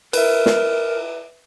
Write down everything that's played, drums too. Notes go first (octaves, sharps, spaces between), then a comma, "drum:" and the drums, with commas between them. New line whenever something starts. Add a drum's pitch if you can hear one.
A#4 B4 E5, drum: cymbal
drum: snare